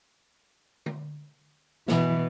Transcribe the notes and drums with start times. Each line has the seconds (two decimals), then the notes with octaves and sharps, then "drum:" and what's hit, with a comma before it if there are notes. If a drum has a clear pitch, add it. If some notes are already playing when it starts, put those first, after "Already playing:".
0.86 drum: tom D3
1.88 B2 E3, drum: snare